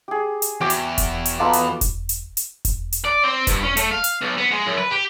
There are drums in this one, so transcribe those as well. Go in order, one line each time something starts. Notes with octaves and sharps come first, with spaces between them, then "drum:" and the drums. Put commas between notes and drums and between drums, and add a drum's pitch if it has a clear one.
G4 G#4
drum: hi-hat
E2 F#4 G5 D6
drum: hi-hat
drum: kick E1, hi-hat
drum: hi-hat
B3 D#4 F4 A4 D6
drum: hi-hat
drum: kick E1, hi-hat
drum: hi-hat
drum: hi-hat
drum: kick E1, hi-hat
drum: hi-hat
D5
C4
G2, drum: kick E1, hi-hat
C#4
A3, drum: hi-hat
F5
drum: hi-hat
B1
B3
G#3
F#2
B4
G4